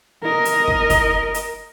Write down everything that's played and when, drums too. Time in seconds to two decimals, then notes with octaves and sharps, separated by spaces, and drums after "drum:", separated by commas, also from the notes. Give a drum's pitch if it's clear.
0.23 A#4 D#5
0.45 drum: hi-hat
0.68 drum: kick
0.90 drum: kick, hi-hat
1.34 drum: hi-hat